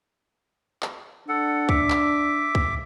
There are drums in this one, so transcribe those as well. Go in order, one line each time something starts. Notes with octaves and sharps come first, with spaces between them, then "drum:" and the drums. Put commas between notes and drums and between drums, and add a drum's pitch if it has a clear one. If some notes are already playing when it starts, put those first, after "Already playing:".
drum: clap
D4 A4 F#5
E5 D6, drum: kick
drum: clap
drum: kick